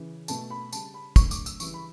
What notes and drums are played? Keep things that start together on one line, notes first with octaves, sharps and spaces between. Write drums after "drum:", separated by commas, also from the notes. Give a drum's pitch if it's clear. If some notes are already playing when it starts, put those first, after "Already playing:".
Already playing: C#3 E3
B2 A3 A5, drum: tambourine
B5
C#3 G3 A5, drum: tambourine
B5
D3 F#3 A3 C#6, drum: kick, tambourine
D6, drum: tambourine
E6, drum: tambourine
C#3 E3 G3 C#6, drum: tambourine
B5